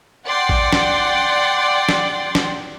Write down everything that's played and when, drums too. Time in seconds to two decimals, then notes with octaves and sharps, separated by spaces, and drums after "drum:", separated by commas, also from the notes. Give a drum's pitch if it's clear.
0.26 D5 F#5 G5 C6
0.49 drum: kick
0.73 drum: snare
1.89 drum: snare
2.35 drum: snare